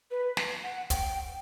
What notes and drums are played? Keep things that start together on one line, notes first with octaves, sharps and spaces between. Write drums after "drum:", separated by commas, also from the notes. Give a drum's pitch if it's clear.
B4
drum: snare
F#5
G5, drum: kick, hi-hat